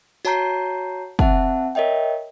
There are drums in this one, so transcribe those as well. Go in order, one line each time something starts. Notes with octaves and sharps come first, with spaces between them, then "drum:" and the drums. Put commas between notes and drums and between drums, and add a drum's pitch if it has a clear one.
F#4 C#5 A5 A#5 G6 C7, drum: tambourine
C4 E5 F#5 A5, drum: kick
A#4 C#5 D#5 E5 G5